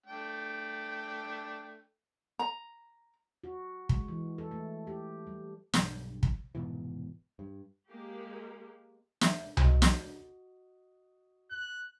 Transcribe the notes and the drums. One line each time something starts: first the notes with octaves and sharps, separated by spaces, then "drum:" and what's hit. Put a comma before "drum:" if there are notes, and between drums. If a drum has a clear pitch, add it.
A3 D4 G5
A#5
F#4
G#3, drum: kick
E3
A4
A3
G4
G3
B1 G2, drum: snare
drum: kick
F1 G#2 B2 E3
G2
G#3 A#3 G4
E5, drum: snare
F#4 D#5, drum: tom C2
drum: snare
F#6